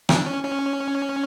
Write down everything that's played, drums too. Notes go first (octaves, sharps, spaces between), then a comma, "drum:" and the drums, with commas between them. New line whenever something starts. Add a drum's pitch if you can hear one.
D4, drum: rim click
C#4
C#4